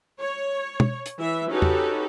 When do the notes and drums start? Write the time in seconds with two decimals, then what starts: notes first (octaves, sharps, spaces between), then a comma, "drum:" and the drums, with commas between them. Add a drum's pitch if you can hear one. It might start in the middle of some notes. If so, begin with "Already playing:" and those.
0.21 C#5
0.80 drum: tom
1.06 drum: hi-hat
1.19 E3 E5
1.50 C#4 D#4 F#4 G4 A4 B4
1.62 drum: tom E2